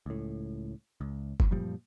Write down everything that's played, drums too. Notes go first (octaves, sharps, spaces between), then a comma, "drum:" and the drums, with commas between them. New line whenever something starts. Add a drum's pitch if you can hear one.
C#2 A2
C#2
drum: kick F#1
F#2 A#2 F3 G3